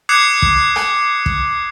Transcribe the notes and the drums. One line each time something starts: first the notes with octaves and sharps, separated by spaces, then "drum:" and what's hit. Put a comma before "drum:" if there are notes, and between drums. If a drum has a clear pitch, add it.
D6 D#6 F#6 G#6 C7 C#7
drum: kick
drum: rim click
drum: kick